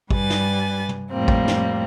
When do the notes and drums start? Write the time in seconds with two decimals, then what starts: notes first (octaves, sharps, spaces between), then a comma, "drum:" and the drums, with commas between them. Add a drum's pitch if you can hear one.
0.11 G2 G3 B4 G#5 A6, drum: kick
0.30 drum: snare
0.89 drum: tom
1.11 F2 A2 G3 A#3 C4
1.28 drum: kick
1.48 drum: snare